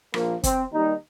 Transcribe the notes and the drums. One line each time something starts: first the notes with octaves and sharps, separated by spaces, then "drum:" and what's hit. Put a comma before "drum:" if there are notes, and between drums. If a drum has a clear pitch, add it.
A#1 A#2 F3 A#3, drum: rim click
C4, drum: kick, hi-hat
D#2 D#3 G3 D#4